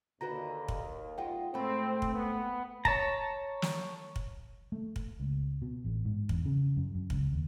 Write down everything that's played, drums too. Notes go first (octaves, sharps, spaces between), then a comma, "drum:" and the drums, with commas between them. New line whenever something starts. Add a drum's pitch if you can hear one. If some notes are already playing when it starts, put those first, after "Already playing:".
D#2 D3 F#4 B4 A#5 A#6
drum: kick
G#3 F4 F#5 G5
G#2 A3 C4 G5 B5
drum: kick
B3
C#5 A5 A#5, drum: kick
drum: snare
drum: kick
A3
drum: kick
C#2
B2
A1
G#2
E2, drum: kick
C#3
F#2
F#2
C#2, drum: kick
D#2